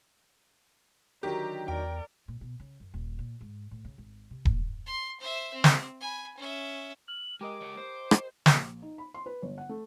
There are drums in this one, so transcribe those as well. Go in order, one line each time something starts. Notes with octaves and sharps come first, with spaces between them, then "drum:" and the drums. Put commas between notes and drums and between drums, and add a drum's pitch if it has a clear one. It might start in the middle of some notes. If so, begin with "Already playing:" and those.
D3 D#3 F#3 G4 A#5
E2 A#4 D5 G5
A#2
B2
C#3
F#2
D#1
A#2
G#2
A2
C#3
G#1
C3
A#3, drum: kick D#1
C6
C5 E5
C4
drum: snare
G#5 B5
C#4 E5
F6 F#7
G#3 G4 A#4 D#5 D6
G#3 C#5
C5
drum: rim click
A#1, drum: snare
D#4
B5
C6
B4
G1
F#5
A3